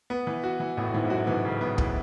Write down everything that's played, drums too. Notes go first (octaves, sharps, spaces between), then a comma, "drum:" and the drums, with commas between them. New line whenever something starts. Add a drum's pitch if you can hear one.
B3
E3
F#4
E3
A1 A2 B3
G#2 E3
G#2
F#2 F#4
G#2 E3
C#3
B3
E3, drum: kick